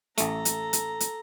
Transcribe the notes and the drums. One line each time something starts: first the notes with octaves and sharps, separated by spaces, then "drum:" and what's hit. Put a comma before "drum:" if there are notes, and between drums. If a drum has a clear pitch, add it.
A1 A3 A4 A#5, drum: hi-hat
drum: hi-hat
drum: hi-hat
drum: hi-hat